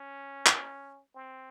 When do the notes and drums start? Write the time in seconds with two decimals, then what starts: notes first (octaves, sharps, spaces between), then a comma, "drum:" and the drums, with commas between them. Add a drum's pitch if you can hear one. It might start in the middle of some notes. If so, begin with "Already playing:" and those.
Already playing: C#4
0.46 drum: clap
1.15 C4